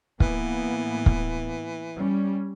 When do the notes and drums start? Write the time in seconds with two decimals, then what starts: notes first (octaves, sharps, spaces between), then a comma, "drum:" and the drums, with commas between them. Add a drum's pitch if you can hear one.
0.20 A2 E3 A#3 B3, drum: kick
1.06 drum: kick
1.96 G3 C#4